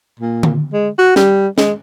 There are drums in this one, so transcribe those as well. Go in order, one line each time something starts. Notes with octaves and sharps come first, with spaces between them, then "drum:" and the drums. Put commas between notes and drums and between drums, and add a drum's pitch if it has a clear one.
A#2
drum: tom D3
G#3
F#4
G3, drum: snare
G#3, drum: snare